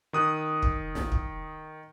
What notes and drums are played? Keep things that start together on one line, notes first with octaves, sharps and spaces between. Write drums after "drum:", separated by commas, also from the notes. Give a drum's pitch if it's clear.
D#3 D#6 F#6
drum: kick
drum: snare
drum: kick